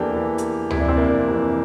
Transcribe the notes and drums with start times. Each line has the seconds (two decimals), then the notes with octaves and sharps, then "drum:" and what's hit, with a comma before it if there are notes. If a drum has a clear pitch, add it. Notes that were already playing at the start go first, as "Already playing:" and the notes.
Already playing: E2 E3 A#3 D4 G4 A4
0.12 E2 E3
0.38 drum: hi-hat
0.70 F2 C3 E3 E4, drum: tom D2
0.80 D4
0.88 C4
0.97 A#3 D4
1.28 F2 C3 E3